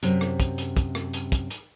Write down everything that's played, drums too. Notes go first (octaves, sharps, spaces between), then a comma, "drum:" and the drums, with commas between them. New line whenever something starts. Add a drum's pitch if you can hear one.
F#2 C3, drum: hi-hat
drum: rim click
drum: kick, hi-hat
drum: hi-hat
drum: kick, hi-hat
drum: rim click
drum: hi-hat
drum: kick, hi-hat
drum: hi-hat